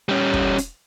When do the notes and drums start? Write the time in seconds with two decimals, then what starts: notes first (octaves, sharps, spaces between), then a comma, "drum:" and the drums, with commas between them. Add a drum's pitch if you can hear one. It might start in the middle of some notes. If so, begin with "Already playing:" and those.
0.09 G3 C#4
0.33 drum: kick
0.58 drum: hi-hat